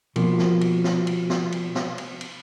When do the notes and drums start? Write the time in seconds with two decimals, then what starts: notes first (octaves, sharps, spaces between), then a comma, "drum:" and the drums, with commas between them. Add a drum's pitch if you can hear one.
0.16 B2 F3 A#3, drum: cymbal
0.39 drum: snare
0.61 drum: cymbal
0.84 drum: snare
1.07 drum: cymbal
1.30 drum: snare
1.52 drum: cymbal
1.75 drum: snare
1.98 drum: cymbal
2.21 drum: cymbal